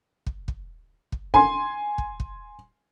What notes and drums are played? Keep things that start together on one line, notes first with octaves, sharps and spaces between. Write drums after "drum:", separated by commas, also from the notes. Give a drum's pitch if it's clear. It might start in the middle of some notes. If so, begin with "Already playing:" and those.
drum: kick
drum: kick
drum: kick
G#5 C6, drum: kick
drum: kick
drum: kick